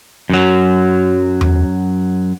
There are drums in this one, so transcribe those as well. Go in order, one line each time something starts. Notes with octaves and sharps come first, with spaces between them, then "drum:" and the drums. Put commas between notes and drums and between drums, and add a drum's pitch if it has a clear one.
F#2 F#3
drum: tom E2